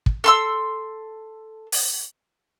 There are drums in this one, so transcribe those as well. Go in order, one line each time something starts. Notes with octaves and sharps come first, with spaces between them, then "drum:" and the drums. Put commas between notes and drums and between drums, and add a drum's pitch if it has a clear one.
drum: kick
A4 C6 E6
drum: open hi-hat